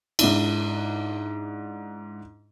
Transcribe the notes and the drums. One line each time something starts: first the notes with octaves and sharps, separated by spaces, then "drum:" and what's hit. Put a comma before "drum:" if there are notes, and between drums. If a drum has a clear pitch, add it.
G#2 D4 E4, drum: cymbal